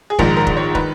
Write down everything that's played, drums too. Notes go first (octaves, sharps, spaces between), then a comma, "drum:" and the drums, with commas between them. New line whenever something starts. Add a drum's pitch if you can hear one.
G#4
A#1 G#2 D#3 A#4, drum: kick
A#4
drum: kick
C#5
D#3 B4, drum: kick